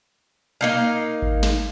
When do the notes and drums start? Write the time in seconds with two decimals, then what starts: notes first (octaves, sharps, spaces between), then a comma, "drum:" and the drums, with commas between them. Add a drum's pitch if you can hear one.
0.61 A#3 D#4 F5
1.22 drum: kick G#1
1.43 drum: snare